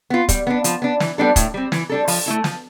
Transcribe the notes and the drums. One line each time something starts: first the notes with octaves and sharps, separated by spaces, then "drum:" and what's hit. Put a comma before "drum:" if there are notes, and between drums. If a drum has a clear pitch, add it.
B3 F4
G3, drum: kick, hi-hat
B3 D4
F3, drum: hi-hat
B3 D4
E3, drum: snare
G3 B3 D4 A4
A2, drum: kick, hi-hat
G3 C4
E3, drum: snare
G3 D4 A4
F3, drum: open hi-hat
A3 E4 A4
F3, drum: snare